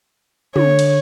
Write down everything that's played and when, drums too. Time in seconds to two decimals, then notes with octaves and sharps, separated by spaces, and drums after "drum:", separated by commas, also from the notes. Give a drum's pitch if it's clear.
0.56 D3 C#5, drum: tom
0.79 drum: cymbal